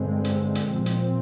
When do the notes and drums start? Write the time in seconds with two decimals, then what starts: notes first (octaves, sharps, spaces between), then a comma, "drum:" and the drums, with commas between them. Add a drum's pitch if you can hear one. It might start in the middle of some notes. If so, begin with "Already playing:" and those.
Already playing: G2 D3 G#3 C4
0.24 drum: hi-hat
0.55 drum: hi-hat
0.71 A#2 F3 C4
0.86 drum: hi-hat